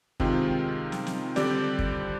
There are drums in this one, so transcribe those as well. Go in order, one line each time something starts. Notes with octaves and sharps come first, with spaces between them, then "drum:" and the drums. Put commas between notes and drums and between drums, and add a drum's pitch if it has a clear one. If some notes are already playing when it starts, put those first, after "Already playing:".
C3 D#3 G#3 C4 F4, drum: kick
drum: snare
drum: snare
D3 G3 C4 G4 D5, drum: snare
drum: kick